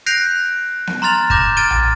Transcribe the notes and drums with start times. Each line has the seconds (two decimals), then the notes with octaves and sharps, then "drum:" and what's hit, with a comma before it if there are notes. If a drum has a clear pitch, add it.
0.06 F#6 G6 A#6 C7 D7 F7
0.87 drum: snare B3
1.02 A#5 C6 F6 A6 F7
1.30 D6 G6 A#6 E7, drum: kick
1.57 F6 G#6 A6 D7 D#7 G7
1.71 drum: tom A#1